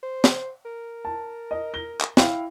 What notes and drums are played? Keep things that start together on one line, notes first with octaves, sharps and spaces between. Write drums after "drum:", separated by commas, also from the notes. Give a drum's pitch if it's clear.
C5
drum: snare
A#4
A5
D#5
A#6 G7
drum: clap
E4 F5 G5, drum: snare